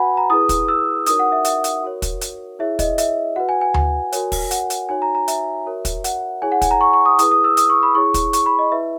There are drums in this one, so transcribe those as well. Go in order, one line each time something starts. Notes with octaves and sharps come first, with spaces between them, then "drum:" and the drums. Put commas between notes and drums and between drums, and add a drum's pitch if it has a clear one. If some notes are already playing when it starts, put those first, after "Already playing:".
Already playing: F#4 B4 F#5 G#5 B5
A#5
E4 G#4 B4 D#6
drum: kick, hi-hat
E6
D#4 F#4 A#4 C#5 D#6, drum: hi-hat
F#5
E5
E5, drum: hi-hat
drum: hi-hat
F#4 A#4 C#5
drum: kick, hi-hat
drum: hi-hat
E4 G#4 C#5 E5
D#5, drum: kick, hi-hat
E5, drum: hi-hat
F#4 B4 F#5
G#5
G#5
drum: tom D2
F#4 A#4 C#5, drum: hi-hat
drum: kick, open hi-hat
F#5, drum: hi-hat
drum: hi-hat
D#4 F#4 C#5 G#5
A#5
A#5
E5, drum: hi-hat
F#4 A#4 C#5
drum: kick, hi-hat
F#5, drum: hi-hat
E4 G#4 C#5 G#5
F#5
G#5, drum: kick, hi-hat
A#5
C#6
C#6
D#6
E4 G#4 B4 D#6, drum: hi-hat
D#6
E6
D#6, drum: hi-hat
C#6
B5
E4 G#4 C#5 C#6
drum: kick, hi-hat
C#6, drum: hi-hat
B5
D#5
E4 B4 E5